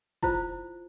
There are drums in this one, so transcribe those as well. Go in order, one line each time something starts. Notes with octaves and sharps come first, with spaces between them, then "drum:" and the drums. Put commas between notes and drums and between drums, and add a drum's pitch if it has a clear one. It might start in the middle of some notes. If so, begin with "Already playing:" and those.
E4 F4 C5, drum: kick, open hi-hat